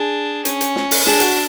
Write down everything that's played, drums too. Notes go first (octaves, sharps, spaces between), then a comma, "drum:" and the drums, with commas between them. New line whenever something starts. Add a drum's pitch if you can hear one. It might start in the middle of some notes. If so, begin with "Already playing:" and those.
Already playing: D4 G#4
C#4, drum: hi-hat
drum: hi-hat
drum: snare
drum: open hi-hat
D4 G#4, drum: snare
F#4, drum: hi-hat